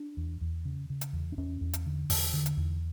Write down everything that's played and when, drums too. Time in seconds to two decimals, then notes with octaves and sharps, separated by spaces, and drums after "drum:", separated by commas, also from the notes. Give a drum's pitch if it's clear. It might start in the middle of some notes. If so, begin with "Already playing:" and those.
Already playing: D4
0.17 E2
0.41 E2
0.65 C#3
0.90 C#3
1.01 drum: hi-hat
1.13 E2
1.32 D4
1.37 E2 C#4
1.61 E2
1.73 drum: hi-hat
1.86 D3
2.10 E2, drum: kick, open hi-hat
2.33 D3
2.46 drum: hi-hat
2.57 E2